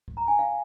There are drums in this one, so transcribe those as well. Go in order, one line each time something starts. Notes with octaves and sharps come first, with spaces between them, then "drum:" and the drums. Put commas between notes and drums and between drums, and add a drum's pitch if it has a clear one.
drum: kick C#2
A#5
G#5
F5